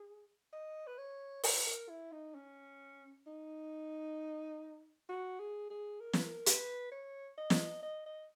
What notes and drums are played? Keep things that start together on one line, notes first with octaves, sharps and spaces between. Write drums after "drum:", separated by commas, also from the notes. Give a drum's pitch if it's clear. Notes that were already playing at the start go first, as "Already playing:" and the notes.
Already playing: G#4
D#5
B4
C#5
B4, drum: open hi-hat
A#4
E4
D#4
C#4
D#4
F#4
G#4
G#4
A#4
B4, drum: snare
A#4
B4, drum: hi-hat
C#5
D#5
drum: snare
D#5
D#5